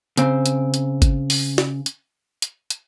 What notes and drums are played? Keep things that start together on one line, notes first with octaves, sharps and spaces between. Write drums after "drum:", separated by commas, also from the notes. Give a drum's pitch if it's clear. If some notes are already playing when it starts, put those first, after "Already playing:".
C#3 C4, drum: hi-hat
drum: hi-hat
drum: hi-hat
drum: kick G#1, hi-hat
drum: open hi-hat
drum: snare
drum: hi-hat
drum: hi-hat
drum: hi-hat